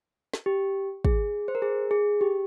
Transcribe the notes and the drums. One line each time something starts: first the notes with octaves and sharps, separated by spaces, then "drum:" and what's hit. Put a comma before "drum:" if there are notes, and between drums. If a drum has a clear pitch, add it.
drum: snare
G4
G#4, drum: kick
C5
A#4
G#4
G#4
G4